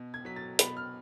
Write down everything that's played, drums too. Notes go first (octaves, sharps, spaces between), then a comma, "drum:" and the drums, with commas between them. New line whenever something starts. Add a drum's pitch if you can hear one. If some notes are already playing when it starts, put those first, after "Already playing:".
Already playing: B2
G#6
F#3 B6
A6
B2 B5, drum: hi-hat
F6